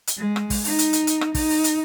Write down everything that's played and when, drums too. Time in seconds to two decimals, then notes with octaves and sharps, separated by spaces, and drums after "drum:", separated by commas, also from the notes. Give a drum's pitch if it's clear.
0.07 drum: hi-hat
0.18 G#3
0.36 drum: rim click
0.50 drum: kick, open hi-hat
0.64 D#4, drum: open hi-hat
0.79 drum: hi-hat
0.93 drum: hi-hat
1.07 drum: hi-hat
1.21 drum: rim click
1.35 D#4, drum: kick, open hi-hat
1.50 drum: open hi-hat
1.64 drum: hi-hat